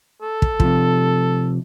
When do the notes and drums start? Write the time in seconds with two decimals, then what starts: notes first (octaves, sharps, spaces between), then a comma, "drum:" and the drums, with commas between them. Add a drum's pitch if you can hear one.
0.22 A4
0.42 drum: kick
0.60 C3 F3, drum: kick